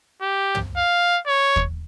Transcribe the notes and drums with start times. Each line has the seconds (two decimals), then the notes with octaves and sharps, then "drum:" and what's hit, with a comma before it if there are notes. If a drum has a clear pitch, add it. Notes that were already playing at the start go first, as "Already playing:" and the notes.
0.22 G4
0.55 drum: tom
0.77 F5
1.27 C#5
1.56 drum: kick